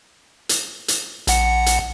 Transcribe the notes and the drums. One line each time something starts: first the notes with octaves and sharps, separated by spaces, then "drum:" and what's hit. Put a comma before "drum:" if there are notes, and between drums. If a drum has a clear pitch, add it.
drum: hi-hat
drum: hi-hat
A#1 F#5 C#7, drum: hi-hat
drum: hi-hat